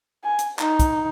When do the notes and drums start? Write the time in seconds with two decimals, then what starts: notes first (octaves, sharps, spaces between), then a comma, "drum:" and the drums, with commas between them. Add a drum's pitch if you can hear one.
0.24 G#5
0.39 drum: hi-hat
0.59 D#4, drum: clap
0.79 drum: kick, hi-hat